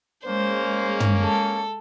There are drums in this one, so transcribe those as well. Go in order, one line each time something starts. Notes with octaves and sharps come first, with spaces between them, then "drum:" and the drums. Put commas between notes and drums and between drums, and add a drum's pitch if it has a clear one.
G#3 A#3 C#4 C5
drum: tom
A4